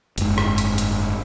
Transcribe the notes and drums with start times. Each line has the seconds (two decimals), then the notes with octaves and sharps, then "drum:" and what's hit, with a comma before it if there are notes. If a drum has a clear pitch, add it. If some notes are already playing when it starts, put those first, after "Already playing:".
0.18 F#1 G#2, drum: hi-hat
0.38 drum: rim click
0.58 drum: hi-hat
0.78 drum: hi-hat